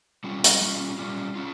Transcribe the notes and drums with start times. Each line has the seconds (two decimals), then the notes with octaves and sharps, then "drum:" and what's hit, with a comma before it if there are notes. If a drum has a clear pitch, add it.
0.24 G3 C#4 F4
0.44 drum: hi-hat
0.61 G3 C#4 F4
0.98 G3 C#4 F4
1.35 C#4 F4